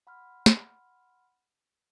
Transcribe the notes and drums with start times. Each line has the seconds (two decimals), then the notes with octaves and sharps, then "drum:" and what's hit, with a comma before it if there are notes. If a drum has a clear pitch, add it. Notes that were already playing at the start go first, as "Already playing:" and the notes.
0.07 F#5 B5 C6 F6
0.46 drum: snare